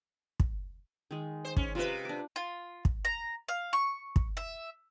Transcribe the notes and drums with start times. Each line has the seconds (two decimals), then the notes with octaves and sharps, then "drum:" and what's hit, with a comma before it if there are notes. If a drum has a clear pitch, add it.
0.40 drum: kick
1.11 D#3 G#3
1.45 C5
1.57 C#4, drum: kick
1.75 C3 F4 B4 D#5
2.05 D4 D6
2.36 F4
2.85 drum: kick
3.05 A#5
3.48 F5
3.73 C#6
4.16 drum: kick
4.37 E5